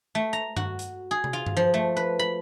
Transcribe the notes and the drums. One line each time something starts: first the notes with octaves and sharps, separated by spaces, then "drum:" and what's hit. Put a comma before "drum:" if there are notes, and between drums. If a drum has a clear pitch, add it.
A3
A#5
F#4, drum: tom G2
drum: hi-hat
G#4
drum: tom
F4
drum: tom G2
F3
A3
B4
B5